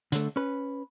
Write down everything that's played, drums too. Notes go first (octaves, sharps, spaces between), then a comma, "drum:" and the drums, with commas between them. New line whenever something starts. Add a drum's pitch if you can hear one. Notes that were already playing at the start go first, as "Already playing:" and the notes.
D3 A3, drum: hi-hat
C#4 B4